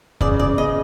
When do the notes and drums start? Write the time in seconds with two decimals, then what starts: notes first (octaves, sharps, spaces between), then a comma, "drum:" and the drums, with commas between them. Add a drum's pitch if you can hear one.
0.21 C#3 D5, drum: kick
0.39 C#3 D5
0.58 C#3 D#5